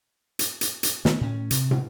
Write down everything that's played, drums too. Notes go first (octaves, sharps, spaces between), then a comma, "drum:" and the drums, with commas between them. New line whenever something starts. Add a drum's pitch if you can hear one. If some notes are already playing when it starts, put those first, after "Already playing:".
drum: hi-hat
drum: hi-hat
drum: hi-hat
D#3 A3 B3, drum: snare
A2 C#4
C3, drum: hi-hat
drum: tom